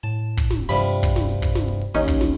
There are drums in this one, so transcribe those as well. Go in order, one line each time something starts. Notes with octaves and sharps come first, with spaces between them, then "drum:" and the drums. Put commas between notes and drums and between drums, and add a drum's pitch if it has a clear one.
A2 A5
drum: kick, hi-hat
drum: snare
G2 C3 F3 G3 B5
drum: kick, hi-hat
drum: snare
drum: hi-hat
drum: kick, hi-hat
drum: snare
drum: open hi-hat
drum: open hi-hat
A1 D#2 C#4 D#4, drum: hi-hat
drum: kick, hi-hat
drum: snare